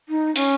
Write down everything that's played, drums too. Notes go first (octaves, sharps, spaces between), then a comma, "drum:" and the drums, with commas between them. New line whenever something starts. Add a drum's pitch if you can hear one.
D#4
C#4, drum: open hi-hat